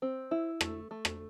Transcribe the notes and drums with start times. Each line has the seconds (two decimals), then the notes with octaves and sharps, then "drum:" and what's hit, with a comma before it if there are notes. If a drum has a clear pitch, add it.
0.02 C4
0.31 E4
0.61 A3, drum: rim click
0.91 A3
1.05 drum: rim click